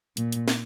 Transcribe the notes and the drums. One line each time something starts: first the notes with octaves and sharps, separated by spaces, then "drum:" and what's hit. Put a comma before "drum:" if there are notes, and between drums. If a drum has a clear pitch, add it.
A#2, drum: hi-hat
drum: hi-hat
drum: snare